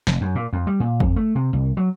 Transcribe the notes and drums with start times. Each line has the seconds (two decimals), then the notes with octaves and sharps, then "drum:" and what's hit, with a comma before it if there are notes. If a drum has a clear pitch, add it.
0.07 F1, drum: snare
0.21 F#2
0.35 A#2
0.53 F2
0.67 G3
0.80 A#2
1.00 F2, drum: kick
1.16 A3
1.35 C3
1.53 C2
1.77 F#3